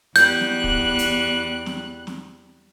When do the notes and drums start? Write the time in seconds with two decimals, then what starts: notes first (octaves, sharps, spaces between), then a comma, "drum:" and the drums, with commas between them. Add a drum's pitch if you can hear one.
0.16 E2 G3 F#6 G6, drum: hi-hat
0.41 drum: snare
0.64 drum: kick
0.99 drum: hi-hat
1.66 drum: snare
2.07 drum: snare